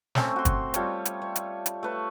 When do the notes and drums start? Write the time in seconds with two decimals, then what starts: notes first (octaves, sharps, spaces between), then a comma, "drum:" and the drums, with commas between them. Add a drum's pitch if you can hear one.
0.15 A3 C4 C#4 C#5, drum: snare
0.36 F#4 C6
0.45 drum: kick, hi-hat
0.74 G3 F4 A4 C#5, drum: hi-hat
1.05 drum: hi-hat
1.22 C#5
1.36 drum: hi-hat
1.66 drum: hi-hat
1.83 A3 B4 C#5